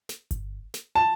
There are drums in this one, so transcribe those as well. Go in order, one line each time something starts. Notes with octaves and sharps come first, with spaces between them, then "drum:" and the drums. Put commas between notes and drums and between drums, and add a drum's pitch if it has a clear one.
drum: snare
drum: kick G1, hi-hat
drum: snare
A5